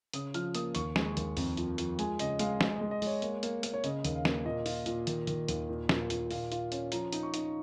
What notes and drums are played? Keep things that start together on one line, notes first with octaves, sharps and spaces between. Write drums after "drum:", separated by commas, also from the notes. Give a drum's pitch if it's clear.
C#3 D#6, drum: hi-hat
F3 F6, drum: hi-hat
A#3 D#6, drum: hi-hat
D#2 C#6, drum: hi-hat
G#3, drum: snare
D#2, drum: hi-hat
F2, drum: open hi-hat
F3, drum: hi-hat
F3, drum: hi-hat
G#3 G#5, drum: hi-hat
C#3 D#5, drum: hi-hat
G#3 F5, drum: hi-hat
G#3 D#5, drum: snare
D#5
G#3
D#5
G#3 C#5, drum: open hi-hat
A#3, drum: hi-hat
A#3, drum: hi-hat
A#3, drum: hi-hat
C#5
C#3 D#5, drum: hi-hat
D#2, drum: hi-hat
F5
A#3, drum: snare
A#2 D#5
F4, drum: open hi-hat
A#2, drum: hi-hat
D#3, drum: hi-hat
D#3, drum: hi-hat
D#2, drum: hi-hat
A#2
A#2, drum: snare
A#2, drum: hi-hat
A#2 F5, drum: open hi-hat
F4, drum: hi-hat
C#4, drum: hi-hat
F3 A#5, drum: hi-hat
D#4, drum: hi-hat
C#6
D#4, drum: hi-hat